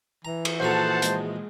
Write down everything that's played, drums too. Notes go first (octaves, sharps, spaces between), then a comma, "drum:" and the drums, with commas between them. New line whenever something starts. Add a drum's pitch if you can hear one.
E3 A#5
drum: cymbal
A#1 F#4 A4 C5 F#5 A5 A#5
G#3, drum: hi-hat